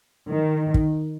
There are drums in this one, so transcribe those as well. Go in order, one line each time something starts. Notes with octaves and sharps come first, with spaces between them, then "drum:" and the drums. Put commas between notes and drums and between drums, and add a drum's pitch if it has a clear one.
D#3
drum: kick